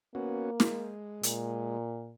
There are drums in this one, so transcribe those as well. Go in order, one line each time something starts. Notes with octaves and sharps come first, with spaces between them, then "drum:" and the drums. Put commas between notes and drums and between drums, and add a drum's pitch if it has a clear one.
A#3 B3 C#4 F#4
G#3, drum: snare
A#2, drum: hi-hat